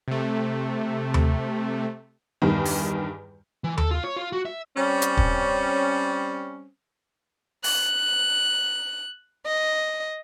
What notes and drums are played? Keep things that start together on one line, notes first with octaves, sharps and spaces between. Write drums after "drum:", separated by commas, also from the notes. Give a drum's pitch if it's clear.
C3 A3
drum: tom D#2
E2 G2 D#3
drum: open hi-hat
E3
A4, drum: tom D#2
F4
C#5
F4
F#4
E5
G3 C4 C#4
drum: hi-hat
drum: kick
F#6, drum: open hi-hat
D#5